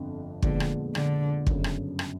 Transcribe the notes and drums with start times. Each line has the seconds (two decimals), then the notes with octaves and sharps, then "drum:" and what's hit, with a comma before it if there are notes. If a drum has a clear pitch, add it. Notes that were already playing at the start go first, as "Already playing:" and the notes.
Already playing: G1 F2 D3
0.42 A#2 D3 F3 G#3 B3, drum: kick
0.60 drum: rim click
0.95 D3, drum: rim click
1.47 G1 F#2 C#3, drum: kick
1.64 drum: rim click
1.99 drum: rim click